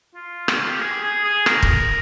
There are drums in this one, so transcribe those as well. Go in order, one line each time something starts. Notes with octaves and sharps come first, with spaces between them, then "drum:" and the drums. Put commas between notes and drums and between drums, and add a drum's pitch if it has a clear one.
F4
drum: rim click
F4
G4
G#4
G#4
G#4
A#4, drum: rim click
drum: kick